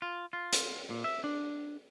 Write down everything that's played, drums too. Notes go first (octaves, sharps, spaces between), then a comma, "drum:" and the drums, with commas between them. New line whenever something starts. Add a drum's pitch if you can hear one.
F4
F4
drum: hi-hat
A#2
E5
D4